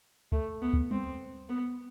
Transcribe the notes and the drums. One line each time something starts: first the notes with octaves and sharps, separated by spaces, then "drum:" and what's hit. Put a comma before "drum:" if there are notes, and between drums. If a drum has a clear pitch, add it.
A3, drum: kick
B3
drum: kick
C4, drum: tom G3
B3